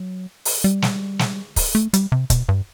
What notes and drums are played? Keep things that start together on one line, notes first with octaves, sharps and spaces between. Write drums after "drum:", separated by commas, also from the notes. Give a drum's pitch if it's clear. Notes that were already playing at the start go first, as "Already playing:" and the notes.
Already playing: F#3
drum: open hi-hat
G3
drum: snare
drum: snare
drum: kick, open hi-hat
A3
G3, drum: hi-hat
C3
B2, drum: kick, hi-hat
G2